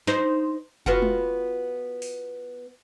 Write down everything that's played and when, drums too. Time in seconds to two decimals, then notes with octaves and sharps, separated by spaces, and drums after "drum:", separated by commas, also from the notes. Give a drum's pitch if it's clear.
0.07 D#4 C5, drum: snare
0.86 B3 F4 F#4, drum: kick F1
1.02 drum: tom
2.02 drum: open hi-hat